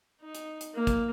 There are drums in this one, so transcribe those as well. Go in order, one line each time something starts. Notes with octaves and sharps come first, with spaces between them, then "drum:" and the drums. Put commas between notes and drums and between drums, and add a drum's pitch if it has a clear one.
D#4
drum: hi-hat
drum: hi-hat
A#3
drum: kick, hi-hat